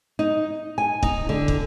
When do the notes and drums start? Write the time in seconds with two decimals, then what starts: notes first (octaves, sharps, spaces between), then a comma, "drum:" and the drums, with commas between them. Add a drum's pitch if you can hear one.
0.19 D#4
0.78 G#5
1.03 D#4, drum: kick
1.29 D3
1.48 drum: kick